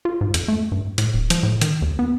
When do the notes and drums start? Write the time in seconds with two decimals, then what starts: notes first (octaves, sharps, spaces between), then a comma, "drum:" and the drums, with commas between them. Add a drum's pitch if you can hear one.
0.05 F4
0.21 G#2
0.34 F2, drum: hi-hat
0.48 A3
0.72 G2
0.98 A2, drum: hi-hat
1.14 D1
1.30 F3, drum: hi-hat
1.43 A2
1.61 D#3, drum: hi-hat
1.82 D#2
1.99 B3